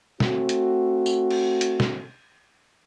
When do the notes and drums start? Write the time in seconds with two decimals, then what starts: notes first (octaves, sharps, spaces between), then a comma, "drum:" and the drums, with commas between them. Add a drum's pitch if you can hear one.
0.20 A3 C4 F#4, drum: snare
0.49 drum: hi-hat
1.06 drum: tambourine
1.30 drum: cymbal
1.61 drum: hi-hat
1.80 drum: snare